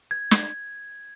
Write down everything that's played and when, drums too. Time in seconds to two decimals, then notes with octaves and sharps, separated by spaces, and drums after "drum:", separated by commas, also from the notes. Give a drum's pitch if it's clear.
0.11 G#6
0.31 drum: snare